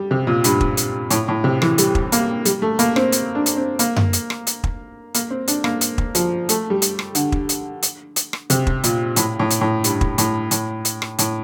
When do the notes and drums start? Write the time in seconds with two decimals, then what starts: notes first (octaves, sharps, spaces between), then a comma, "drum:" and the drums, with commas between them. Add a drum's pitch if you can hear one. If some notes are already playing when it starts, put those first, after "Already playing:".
Already playing: G3
0.11 C3
0.27 A#2
0.44 G2, drum: hi-hat
0.61 drum: kick
0.77 drum: hi-hat
1.11 A2, drum: hi-hat
1.28 A2
1.44 C3
1.62 E3, drum: rim click
1.78 G3, drum: hi-hat
1.95 drum: kick
2.12 A#3, drum: hi-hat
2.45 G3, drum: hi-hat
2.62 A3
2.79 A#3, drum: hi-hat
2.96 C4, drum: rim click
3.12 drum: hi-hat
3.35 D4
3.46 drum: hi-hat
3.57 C4
3.79 A#3, drum: hi-hat
3.96 drum: tom F#2
4.13 drum: hi-hat
4.30 drum: rim click
4.47 drum: hi-hat
4.64 drum: kick
5.15 A#3, drum: hi-hat
5.31 C4
5.48 D4, drum: hi-hat
5.64 A#3, drum: rim click
5.81 drum: hi-hat
5.98 drum: kick
6.15 F3, drum: hi-hat
6.49 A3, drum: hi-hat
6.70 G3
6.82 drum: hi-hat
6.99 drum: rim click
7.15 D3, drum: hi-hat
7.32 drum: kick
7.49 drum: hi-hat
7.83 drum: hi-hat
8.16 drum: hi-hat
8.33 drum: rim click
8.50 C3, drum: hi-hat
8.67 drum: kick
8.84 A#2, drum: hi-hat
9.16 A2, drum: hi-hat
9.39 A2
9.51 drum: hi-hat
9.61 A2
9.84 G2, drum: hi-hat
10.01 drum: kick
10.18 A2, drum: hi-hat
10.51 A2, drum: hi-hat
10.85 drum: hi-hat
11.02 drum: rim click
11.19 A2, drum: hi-hat